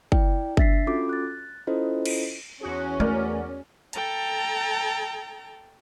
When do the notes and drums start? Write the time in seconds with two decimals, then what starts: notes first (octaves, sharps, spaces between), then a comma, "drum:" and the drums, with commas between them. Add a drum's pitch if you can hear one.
0.12 E4 D5 G5, drum: kick G1
0.57 D4 E5 A6 B6 C7, drum: kick G1
0.87 C#4 F4 F#4 A4 D6
1.09 F#6 A6
1.67 C#4 E4 F4 A4 C5 D#5
2.05 drum: cymbal
2.61 E2 C#4 F#4 G#4
3.00 A3 A#4 D5 F6
3.93 A4 G5 A5 A#5, drum: hi-hat